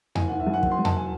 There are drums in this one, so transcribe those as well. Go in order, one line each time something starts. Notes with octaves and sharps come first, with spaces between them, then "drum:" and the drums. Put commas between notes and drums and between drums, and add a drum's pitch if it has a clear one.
F#1 G#5, drum: tom E2
D#3 F#5
E5
F#2
F#5
F#1, drum: kick
C6
F#2
A5, drum: tom E2
G#5